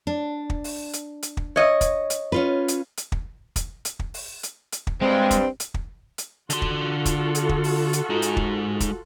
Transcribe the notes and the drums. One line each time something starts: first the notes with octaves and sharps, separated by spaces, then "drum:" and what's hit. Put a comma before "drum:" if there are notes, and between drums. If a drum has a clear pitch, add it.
D4
drum: kick
drum: open hi-hat
drum: hi-hat
drum: hi-hat
drum: kick
C#5 D#5
drum: kick, hi-hat
drum: hi-hat
C#4 F4 B4
drum: hi-hat
drum: hi-hat
drum: kick
drum: kick, hi-hat
drum: hi-hat
drum: kick
drum: open hi-hat
drum: hi-hat
drum: hi-hat
drum: kick
G2 G#3 C4
drum: kick, hi-hat
drum: hi-hat
drum: kick
drum: hi-hat
D3 F4 F#4 A4 C6, drum: hi-hat
drum: kick
drum: kick, hi-hat
drum: hi-hat
drum: kick
drum: open hi-hat
drum: hi-hat
G#3 D#4
drum: hi-hat
drum: kick
drum: kick, hi-hat